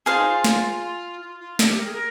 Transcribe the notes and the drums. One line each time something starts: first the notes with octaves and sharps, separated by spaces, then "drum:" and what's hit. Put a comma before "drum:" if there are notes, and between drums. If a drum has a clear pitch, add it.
F4 G#4 C5 F5
D#4
F4
drum: snare
F4
F4
G4, drum: snare
A#4
G#4
A#4